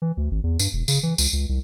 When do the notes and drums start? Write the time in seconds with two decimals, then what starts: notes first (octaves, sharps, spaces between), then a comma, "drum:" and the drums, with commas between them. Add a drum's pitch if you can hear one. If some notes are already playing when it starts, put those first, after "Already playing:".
0.02 E3
0.17 D2
0.31 G#1
0.44 E2
0.59 G2, drum: tambourine
0.73 E1
0.88 C#3, drum: tambourine
1.03 E3
1.18 C#2, drum: tambourine
1.33 C#2
1.49 C2